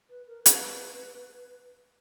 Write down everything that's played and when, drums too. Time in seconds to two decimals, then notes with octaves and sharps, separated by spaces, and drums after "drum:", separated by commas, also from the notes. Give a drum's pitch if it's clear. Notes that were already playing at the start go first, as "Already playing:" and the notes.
0.10 B4
0.27 A#4
0.46 B4, drum: hi-hat